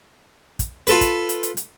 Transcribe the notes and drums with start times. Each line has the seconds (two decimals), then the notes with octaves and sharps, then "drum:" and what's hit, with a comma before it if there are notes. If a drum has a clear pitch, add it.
0.59 drum: kick, hi-hat
0.87 F4 A4 B4, drum: hi-hat
1.01 drum: kick, hi-hat
1.29 drum: hi-hat
1.43 drum: hi-hat
1.57 drum: hi-hat